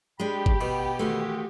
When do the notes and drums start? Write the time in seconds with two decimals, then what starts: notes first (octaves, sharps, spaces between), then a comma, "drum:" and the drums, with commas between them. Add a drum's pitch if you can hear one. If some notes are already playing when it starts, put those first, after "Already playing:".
0.20 G#3 D4 G4 G5 B5
0.46 drum: kick G#1
0.61 B2 B3
0.99 D#3 E3 G#3 A3 F4 F#4